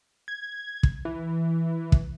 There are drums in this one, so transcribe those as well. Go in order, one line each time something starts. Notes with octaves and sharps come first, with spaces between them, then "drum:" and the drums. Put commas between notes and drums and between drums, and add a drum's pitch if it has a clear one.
G#6
drum: kick
E3
drum: kick